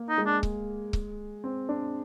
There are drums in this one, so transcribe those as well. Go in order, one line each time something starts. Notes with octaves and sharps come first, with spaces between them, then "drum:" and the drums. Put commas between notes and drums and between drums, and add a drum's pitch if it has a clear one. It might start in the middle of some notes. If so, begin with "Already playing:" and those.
Already playing: A#3
D#4
G#3
D4
drum: kick C#1
drum: kick C#1
C4
D4